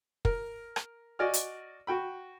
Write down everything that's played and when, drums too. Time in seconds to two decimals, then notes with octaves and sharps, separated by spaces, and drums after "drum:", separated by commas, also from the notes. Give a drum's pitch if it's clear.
0.25 A#4, drum: kick
0.76 drum: rim click
1.19 F#4 D5 D#5 G#5 F6
1.34 drum: hi-hat
1.87 F#4 G5 B5